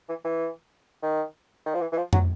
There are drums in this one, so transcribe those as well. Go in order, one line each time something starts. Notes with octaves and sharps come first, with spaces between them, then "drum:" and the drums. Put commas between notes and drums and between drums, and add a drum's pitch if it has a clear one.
E3
E3
D#3
D#3
F3
E3
E3
F3
F#3, drum: tom